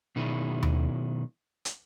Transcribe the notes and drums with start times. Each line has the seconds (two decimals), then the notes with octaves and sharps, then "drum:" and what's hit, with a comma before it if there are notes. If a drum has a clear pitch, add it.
0.16 B2 D#3 F#3 E4 G#4
0.63 drum: tom D#2
1.65 drum: hi-hat